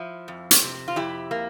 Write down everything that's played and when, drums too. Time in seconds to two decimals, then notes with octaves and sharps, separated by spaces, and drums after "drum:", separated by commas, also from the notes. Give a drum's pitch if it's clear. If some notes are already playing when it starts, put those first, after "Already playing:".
Already playing: F3 E4
0.28 F2
0.51 drum: hi-hat
0.62 C3
0.88 F4
0.96 F2 E4 G4
1.31 A#3